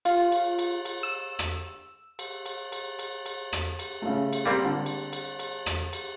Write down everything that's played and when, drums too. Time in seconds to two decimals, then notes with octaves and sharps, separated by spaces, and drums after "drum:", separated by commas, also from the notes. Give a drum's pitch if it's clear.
0.05 F4, drum: cymbal
0.32 drum: cymbal
0.59 drum: cymbal
0.85 drum: cymbal
1.03 E6
1.39 drum: rim click
2.19 drum: cymbal
2.46 drum: cymbal
2.72 drum: cymbal
2.99 drum: cymbal
3.26 drum: cymbal
3.52 drum: rim click
3.79 drum: cymbal
4.02 C#3 A3
4.33 drum: cymbal
4.46 G3 A#3 C4
4.65 D3
4.86 drum: cymbal
5.13 drum: cymbal
5.39 drum: cymbal
5.66 drum: rim click
5.93 drum: cymbal